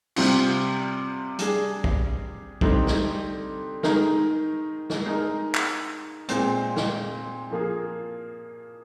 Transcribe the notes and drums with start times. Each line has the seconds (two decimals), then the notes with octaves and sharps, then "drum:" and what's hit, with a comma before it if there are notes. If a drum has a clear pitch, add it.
0.16 C3 G3 C4 F4, drum: cymbal
1.39 G3 D4 G#4, drum: hi-hat
1.84 drum: kick
2.61 D3 G3 C4 D#4, drum: kick
2.87 drum: snare
3.83 D#3 G#3 D#4 A#4, drum: snare
4.90 drum: snare
5.06 G#3 D#4 A#4
5.55 drum: clap
6.29 A#2 G#3 C4, drum: hi-hat
6.76 drum: snare
7.51 F3 A#3 F4 G#4